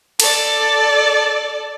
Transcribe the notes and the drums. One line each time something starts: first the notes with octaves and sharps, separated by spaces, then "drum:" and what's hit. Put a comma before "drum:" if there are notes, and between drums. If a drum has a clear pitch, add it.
A4 D5, drum: cymbal